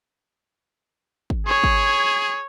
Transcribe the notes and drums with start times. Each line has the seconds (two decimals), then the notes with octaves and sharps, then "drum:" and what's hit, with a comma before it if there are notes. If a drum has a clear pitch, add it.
1.30 drum: kick
1.47 G#4 C#5
1.64 drum: kick